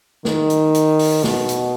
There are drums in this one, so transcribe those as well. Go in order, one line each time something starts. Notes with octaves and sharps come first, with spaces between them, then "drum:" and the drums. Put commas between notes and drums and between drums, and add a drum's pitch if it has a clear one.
D#3, drum: snare
drum: hi-hat
drum: hi-hat
drum: open hi-hat
B2, drum: snare
drum: hi-hat